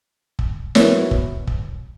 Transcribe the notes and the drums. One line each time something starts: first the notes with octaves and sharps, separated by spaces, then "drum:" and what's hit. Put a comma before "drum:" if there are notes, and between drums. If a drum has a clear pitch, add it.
drum: kick
F#3 B3 E4 A#4 C#5, drum: snare
drum: kick
drum: kick